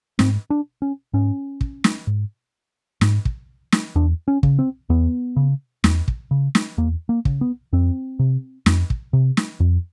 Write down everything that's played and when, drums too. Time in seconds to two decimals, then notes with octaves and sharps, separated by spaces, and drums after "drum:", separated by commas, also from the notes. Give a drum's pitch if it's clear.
0.19 G#2 C4, drum: snare
0.50 D4
0.82 C#4
1.13 G#2 C#4
1.61 drum: kick
1.84 drum: snare
2.07 G#2
3.01 G#2, drum: snare
3.25 drum: kick
3.72 drum: snare
3.96 E2 D4
4.28 C#4
4.43 C#3, drum: kick
4.59 C4
4.90 E2 B3
5.36 C#3
5.84 E2, drum: snare
6.08 drum: kick
6.31 C#3
6.55 drum: snare
6.78 E2 A#3
7.09 A#3
7.25 C#3, drum: kick
7.41 B3
7.73 F2 C4
8.19 C3
8.66 F2, drum: snare
8.90 drum: kick
9.13 C3
9.37 drum: snare
9.60 F2